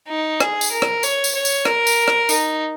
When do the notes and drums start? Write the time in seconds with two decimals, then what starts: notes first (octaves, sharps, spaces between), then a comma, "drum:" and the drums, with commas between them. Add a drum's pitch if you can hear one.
0.09 D#4
0.40 G#4, drum: rim click
0.61 drum: tambourine
0.71 A#4
0.82 drum: rim click
1.03 C#5, drum: tambourine
1.24 drum: tambourine
1.35 C#5
1.45 drum: tambourine
1.65 A#4, drum: rim click
1.87 drum: tambourine
2.08 drum: rim click
2.29 D#4, drum: tambourine